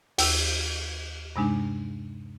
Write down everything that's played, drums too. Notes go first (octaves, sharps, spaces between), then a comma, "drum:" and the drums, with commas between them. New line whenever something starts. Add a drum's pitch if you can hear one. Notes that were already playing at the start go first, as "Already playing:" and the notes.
D#2 E6, drum: open hi-hat
G2 C3 G#3 D4 D#4